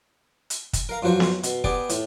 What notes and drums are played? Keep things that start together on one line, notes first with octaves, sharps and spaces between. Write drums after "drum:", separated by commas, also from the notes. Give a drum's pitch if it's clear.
drum: hi-hat
drum: kick, hi-hat
A#4 F5 A#5
G2 F3 F#3 F#4 C5 C#6
drum: snare B3
B2, drum: hi-hat
B3 G4 G#4 D5, drum: kick
A2, drum: hi-hat